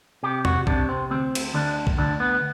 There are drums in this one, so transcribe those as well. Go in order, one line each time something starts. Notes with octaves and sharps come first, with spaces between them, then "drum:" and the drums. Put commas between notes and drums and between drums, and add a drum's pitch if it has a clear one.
C3 G4
F#4, drum: tom E2
C3 D4, drum: kick B1
C4
D2 C4
drum: cymbal
D2 D4
drum: kick B1
D2 D4
B3